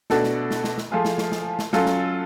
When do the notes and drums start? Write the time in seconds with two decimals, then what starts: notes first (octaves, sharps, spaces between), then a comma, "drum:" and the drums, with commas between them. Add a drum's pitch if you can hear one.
0.10 B2 A3 D4 F#4 A4, drum: snare
0.24 drum: snare
0.51 drum: snare
0.64 drum: snare
0.78 drum: snare
0.91 F3 A3 F4 G#4
1.05 drum: snare
1.18 drum: snare
1.32 drum: snare
1.59 drum: snare
1.73 F#3 C#4 F4 A4, drum: snare
1.86 drum: snare